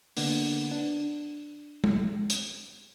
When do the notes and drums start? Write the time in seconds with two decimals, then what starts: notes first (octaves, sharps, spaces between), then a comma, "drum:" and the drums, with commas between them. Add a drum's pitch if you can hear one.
0.17 D3 A#3 B3 D4, drum: open hi-hat
0.71 D4
1.84 drum: tom
2.30 drum: hi-hat